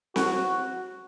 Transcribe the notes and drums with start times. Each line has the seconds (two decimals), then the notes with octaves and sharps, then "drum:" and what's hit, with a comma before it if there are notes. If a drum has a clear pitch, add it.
0.16 F#4, drum: snare C4